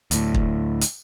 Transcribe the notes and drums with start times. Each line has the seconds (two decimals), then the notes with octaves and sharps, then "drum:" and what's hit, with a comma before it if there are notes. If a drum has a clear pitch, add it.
0.11 D2 A2, drum: hi-hat
0.34 drum: kick
0.81 drum: hi-hat